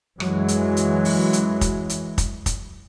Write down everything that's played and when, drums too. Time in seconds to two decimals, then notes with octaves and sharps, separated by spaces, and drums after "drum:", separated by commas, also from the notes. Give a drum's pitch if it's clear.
0.20 F#2 E3 F#3 G#3, drum: rim click
0.48 drum: hi-hat
0.77 drum: hi-hat
1.05 drum: open hi-hat
1.33 drum: hi-hat
1.61 drum: kick, hi-hat
1.89 drum: hi-hat
2.18 drum: kick, hi-hat
2.46 drum: kick, hi-hat